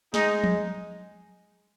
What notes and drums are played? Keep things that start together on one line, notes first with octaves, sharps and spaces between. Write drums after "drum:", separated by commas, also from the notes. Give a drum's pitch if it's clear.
G#3 D#4, drum: snare
drum: tom F3